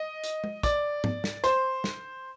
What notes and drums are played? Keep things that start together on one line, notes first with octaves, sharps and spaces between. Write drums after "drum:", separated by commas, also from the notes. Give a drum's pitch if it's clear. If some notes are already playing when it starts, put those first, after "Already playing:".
Already playing: D#5
drum: hi-hat
drum: tom
D5, drum: kick, hi-hat
drum: tom G#2
drum: snare
C5, drum: hi-hat
drum: snare